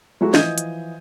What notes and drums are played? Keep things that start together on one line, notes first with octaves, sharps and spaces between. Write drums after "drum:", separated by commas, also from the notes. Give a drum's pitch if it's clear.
F#3 G#3 A3 E4 F#4
E3 F3 D#5 G6 G#6 D#7, drum: snare
drum: hi-hat